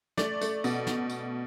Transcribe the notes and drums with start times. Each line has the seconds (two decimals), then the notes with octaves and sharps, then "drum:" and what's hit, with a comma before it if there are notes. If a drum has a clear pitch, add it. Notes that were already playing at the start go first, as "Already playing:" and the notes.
0.17 A3 D5, drum: snare
0.41 A3, drum: tambourine
0.64 B2, drum: tambourine
0.87 drum: snare
1.10 drum: tambourine